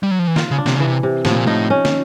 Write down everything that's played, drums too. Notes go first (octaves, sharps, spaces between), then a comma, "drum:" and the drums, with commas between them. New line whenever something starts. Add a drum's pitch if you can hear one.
G3
F#3
F3
E3
D#3 F4, drum: snare
C#3
D4
C3, drum: snare
C#3
C3 E3
C3
A2 F3, drum: snare
A#2
A2 D#4
C#4
drum: snare